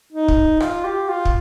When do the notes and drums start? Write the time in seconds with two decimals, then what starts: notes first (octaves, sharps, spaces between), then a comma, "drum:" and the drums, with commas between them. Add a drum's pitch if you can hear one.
0.12 D#4
0.28 drum: kick
0.60 F4, drum: rim click
0.84 G4
1.09 F4
1.25 drum: kick